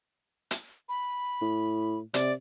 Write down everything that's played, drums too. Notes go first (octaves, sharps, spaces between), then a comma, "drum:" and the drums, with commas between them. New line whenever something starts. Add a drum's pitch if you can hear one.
drum: hi-hat
B5
A2
C3 D5, drum: hi-hat